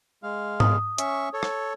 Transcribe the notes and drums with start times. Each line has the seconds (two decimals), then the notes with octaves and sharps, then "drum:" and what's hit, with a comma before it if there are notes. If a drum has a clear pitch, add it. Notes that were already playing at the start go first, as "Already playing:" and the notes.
0.23 G#3 F5
0.60 D#6, drum: tom G#2
0.98 C#4 E5 C#6, drum: hi-hat
1.33 A4 C#5
1.43 drum: rim click